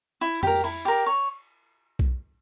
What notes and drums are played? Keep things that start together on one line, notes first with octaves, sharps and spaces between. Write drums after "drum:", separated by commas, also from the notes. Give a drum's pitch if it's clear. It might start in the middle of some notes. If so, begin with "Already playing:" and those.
E4
G4 A#4, drum: tom F2
E4, drum: cymbal
G4 A#4
C#5
drum: kick B1